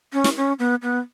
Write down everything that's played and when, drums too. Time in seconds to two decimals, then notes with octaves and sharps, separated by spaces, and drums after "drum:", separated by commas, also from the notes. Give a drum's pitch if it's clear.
0.13 C#4
0.24 drum: snare
0.37 C#4
0.59 B3
0.82 B3